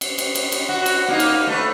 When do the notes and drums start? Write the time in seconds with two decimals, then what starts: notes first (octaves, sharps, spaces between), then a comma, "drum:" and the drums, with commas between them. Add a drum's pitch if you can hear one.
0.01 drum: cymbal
0.18 drum: cymbal
0.35 drum: cymbal
0.52 drum: cymbal
0.69 F#4
0.86 drum: cymbal
1.08 A#3 D#4
1.20 drum: cymbal
1.47 A3 B4